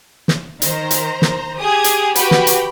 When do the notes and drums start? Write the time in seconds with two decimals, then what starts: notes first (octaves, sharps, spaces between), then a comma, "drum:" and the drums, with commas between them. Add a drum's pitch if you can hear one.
0.28 drum: snare
0.62 D#3 C5 A#5, drum: hi-hat
0.91 drum: hi-hat
1.22 drum: snare
1.58 G4 G#4 D#6 G#6
1.84 drum: hi-hat
2.16 F#4 G4 B4 G5 B5, drum: hi-hat
2.31 drum: snare
2.47 drum: hi-hat